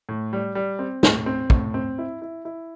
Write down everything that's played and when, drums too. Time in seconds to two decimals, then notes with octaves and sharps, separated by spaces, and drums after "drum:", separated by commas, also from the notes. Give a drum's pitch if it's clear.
0.09 A2
0.33 G3
0.55 G3
0.79 C4
1.03 A2, drum: snare
1.26 C4
1.50 A2, drum: kick
1.74 C4
1.98 E4
2.22 E4
2.45 E4